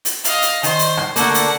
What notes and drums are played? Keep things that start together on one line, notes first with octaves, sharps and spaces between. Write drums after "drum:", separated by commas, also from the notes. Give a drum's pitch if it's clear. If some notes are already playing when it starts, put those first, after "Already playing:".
drum: hi-hat
D#5 F5, drum: hi-hat
drum: hi-hat
D#3 C5 C6, drum: hi-hat
drum: hi-hat
drum: rim click
D3 A3 A#3 F#5, drum: hi-hat
drum: hi-hat